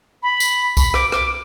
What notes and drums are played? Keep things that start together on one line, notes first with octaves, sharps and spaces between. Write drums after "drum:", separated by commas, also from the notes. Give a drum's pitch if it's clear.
B5
drum: tambourine
B5, drum: kick C2, tambourine
D6, drum: rim click
D6, drum: rim click